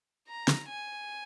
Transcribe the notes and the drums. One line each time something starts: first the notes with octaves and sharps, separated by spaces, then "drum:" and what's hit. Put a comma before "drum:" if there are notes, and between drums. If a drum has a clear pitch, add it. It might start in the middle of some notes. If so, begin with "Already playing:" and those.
A#5
drum: snare
G#5